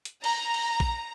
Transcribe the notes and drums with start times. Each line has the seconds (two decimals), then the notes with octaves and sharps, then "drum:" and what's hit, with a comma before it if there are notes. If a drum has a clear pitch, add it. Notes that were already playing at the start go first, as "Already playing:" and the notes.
0.05 drum: hi-hat
0.24 A#5, drum: cymbal
0.54 drum: cymbal
0.80 drum: kick A#1